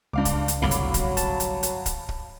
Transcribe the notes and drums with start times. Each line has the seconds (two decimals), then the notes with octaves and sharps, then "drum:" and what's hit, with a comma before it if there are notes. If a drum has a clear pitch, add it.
0.13 C#2 G2 F5 D6
0.25 drum: kick, hi-hat
0.48 drum: hi-hat
0.62 G1 C2 A2 F#3 F5 B5 D6
0.71 drum: hi-hat
0.94 drum: kick, hi-hat
1.17 A5, drum: kick, hi-hat
1.40 drum: hi-hat
1.63 drum: hi-hat
1.86 drum: kick, hi-hat
2.09 drum: kick